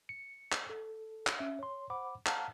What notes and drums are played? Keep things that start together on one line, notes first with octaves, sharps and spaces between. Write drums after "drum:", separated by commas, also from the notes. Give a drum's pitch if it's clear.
C#7
drum: clap
A4
drum: clap
C#4 E5
C#5 C6
C5 F#5 B5 D6
F5 F#5 A5 A#5 F6 F#6, drum: clap